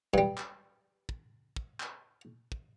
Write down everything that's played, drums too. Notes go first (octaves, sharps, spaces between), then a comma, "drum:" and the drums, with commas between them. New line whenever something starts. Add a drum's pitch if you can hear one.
G2 G3, drum: kick
drum: clap
drum: kick
drum: kick
drum: clap
drum: kick